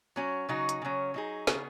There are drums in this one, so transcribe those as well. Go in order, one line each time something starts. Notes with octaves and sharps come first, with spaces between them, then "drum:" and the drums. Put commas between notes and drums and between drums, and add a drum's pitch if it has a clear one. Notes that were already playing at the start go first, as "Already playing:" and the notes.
F#3 C#4 F#4
C#3 F#3 D#4 F#4
drum: hi-hat
C#3 F#3 C#4
F#3 D#4 G#4
C#3 B3 G#4, drum: snare